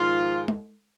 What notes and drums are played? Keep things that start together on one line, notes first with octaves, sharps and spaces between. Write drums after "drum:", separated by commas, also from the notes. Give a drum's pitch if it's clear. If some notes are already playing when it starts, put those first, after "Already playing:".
Already playing: G#2 D#3 F3 G#3 F4
drum: tom G#3